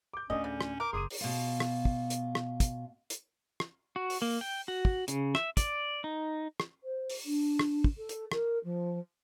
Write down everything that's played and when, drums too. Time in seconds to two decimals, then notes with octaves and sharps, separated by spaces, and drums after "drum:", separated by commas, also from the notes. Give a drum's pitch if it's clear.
0.13 D6 G6
0.30 D2 A2 D3 C#4 D4 D#5
0.44 C#3
0.61 drum: rim click
0.80 A#4 D6
0.93 F#1 G#4 C6 D6 D#7
1.10 drum: open hi-hat
1.21 B2 F4
1.60 drum: rim click
1.85 drum: kick
2.10 drum: hi-hat
2.35 drum: rim click
2.60 drum: kick, hi-hat
3.10 drum: hi-hat
3.60 drum: rim click
3.96 F#4
4.10 drum: open hi-hat
4.22 A#3
4.41 G5
4.68 F#4
4.85 drum: kick
5.08 C#3, drum: hi-hat
5.35 E5, drum: rim click
5.57 D5, drum: kick, hi-hat
6.04 D#4
6.60 drum: rim click
6.83 C5
7.10 drum: open hi-hat
7.25 D4
7.59 drum: rim click
7.84 drum: kick
7.97 A4
8.09 drum: hi-hat
8.32 A#4, drum: rim click
8.64 F3